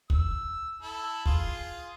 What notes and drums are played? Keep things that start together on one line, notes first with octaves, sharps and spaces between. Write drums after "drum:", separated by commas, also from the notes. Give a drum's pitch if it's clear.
E6, drum: kick
E4 A4
F4 G#4, drum: kick